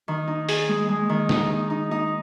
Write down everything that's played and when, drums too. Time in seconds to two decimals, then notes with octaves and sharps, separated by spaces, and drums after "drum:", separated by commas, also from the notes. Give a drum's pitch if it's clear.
0.08 D#3
0.27 D#4
0.49 G#4, drum: open hi-hat
0.69 G#3
0.89 G#3
1.09 D#3
1.29 D#4, drum: snare
1.50 D#4
1.70 D#4
1.91 D#4